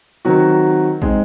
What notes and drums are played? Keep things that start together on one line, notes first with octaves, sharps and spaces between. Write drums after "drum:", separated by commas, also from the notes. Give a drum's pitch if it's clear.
D#3 F#3 C4 F#4
G#3 C4 D#4, drum: kick